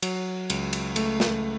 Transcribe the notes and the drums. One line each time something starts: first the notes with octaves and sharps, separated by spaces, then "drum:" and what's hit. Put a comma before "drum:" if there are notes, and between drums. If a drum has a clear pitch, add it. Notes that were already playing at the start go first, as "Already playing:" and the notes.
F#3, drum: cymbal
C#2, drum: cymbal
drum: cymbal
A3, drum: cymbal
drum: snare